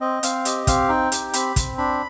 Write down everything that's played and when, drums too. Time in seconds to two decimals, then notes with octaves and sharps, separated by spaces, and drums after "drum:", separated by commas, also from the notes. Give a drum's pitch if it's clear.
0.01 C4 D#5
0.23 C4 F5, drum: hi-hat
0.45 G4 D#5, drum: hi-hat
0.67 C4 F5, drum: kick, hi-hat
0.89 D#4 G5
1.12 G4, drum: hi-hat
1.33 C4 B5, drum: hi-hat
1.56 C4, drum: kick, hi-hat
1.78 D4 B5